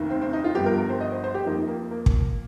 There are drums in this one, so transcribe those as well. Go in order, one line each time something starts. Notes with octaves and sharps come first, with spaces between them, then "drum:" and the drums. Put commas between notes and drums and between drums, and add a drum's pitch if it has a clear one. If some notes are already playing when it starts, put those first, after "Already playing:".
Already playing: F1 D#2 D#3
C4
C4
D#4
F4
G1 G2 F3 G4
A#4
A#4
C5
D#5
C5
C5
G4
F2 F3 A#3 D#4
A#3
A#3
drum: kick